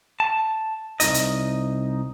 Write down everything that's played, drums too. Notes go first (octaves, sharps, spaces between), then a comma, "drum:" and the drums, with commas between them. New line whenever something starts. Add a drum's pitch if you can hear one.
A5
C2 A#2 D#4 D#5, drum: hi-hat
drum: hi-hat